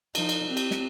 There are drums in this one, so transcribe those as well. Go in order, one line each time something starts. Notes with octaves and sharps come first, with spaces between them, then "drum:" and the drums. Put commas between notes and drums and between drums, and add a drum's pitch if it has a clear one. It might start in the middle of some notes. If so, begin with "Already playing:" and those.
F3 D#4, drum: cymbal
drum: cymbal
C4 G4
drum: cymbal
drum: snare